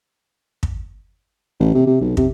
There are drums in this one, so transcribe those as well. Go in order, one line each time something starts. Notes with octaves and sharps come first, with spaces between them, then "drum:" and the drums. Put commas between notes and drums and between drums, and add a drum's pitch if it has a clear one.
drum: kick
A1
C3
C3
B1
C3, drum: kick